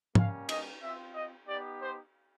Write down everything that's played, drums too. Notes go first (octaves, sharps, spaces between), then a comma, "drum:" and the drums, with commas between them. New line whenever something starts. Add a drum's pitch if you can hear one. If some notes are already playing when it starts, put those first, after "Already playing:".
G3 A#3 C#4 F5, drum: tom G#2
D#5, drum: cymbal
C4 F4 E5
D#5
B3 D#4 G4 D5
C5